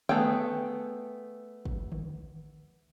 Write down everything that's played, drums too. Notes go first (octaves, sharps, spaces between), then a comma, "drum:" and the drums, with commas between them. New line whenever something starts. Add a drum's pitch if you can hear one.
A3 B3 G#4 G5, drum: tom D3
drum: kick
drum: tom D3